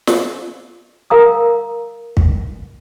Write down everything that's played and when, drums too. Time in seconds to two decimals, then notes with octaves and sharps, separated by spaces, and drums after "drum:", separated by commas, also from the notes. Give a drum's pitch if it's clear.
0.07 drum: snare
1.10 A#4 F5 A#5 D#6
2.17 drum: kick